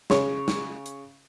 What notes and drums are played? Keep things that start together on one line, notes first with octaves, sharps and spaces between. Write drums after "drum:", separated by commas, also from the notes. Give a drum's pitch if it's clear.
C#3 C#5, drum: snare
drum: snare
drum: hi-hat